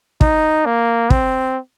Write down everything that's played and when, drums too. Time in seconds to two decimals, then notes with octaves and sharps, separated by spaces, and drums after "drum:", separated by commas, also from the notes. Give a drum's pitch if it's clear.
0.21 D#4, drum: kick
0.66 A#3
1.10 C4, drum: kick